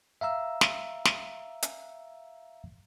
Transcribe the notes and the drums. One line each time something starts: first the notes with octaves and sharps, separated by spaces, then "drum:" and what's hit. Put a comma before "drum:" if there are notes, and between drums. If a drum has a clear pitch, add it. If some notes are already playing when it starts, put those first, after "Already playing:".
E5 F5 A#5 E6
drum: snare
drum: snare
drum: hi-hat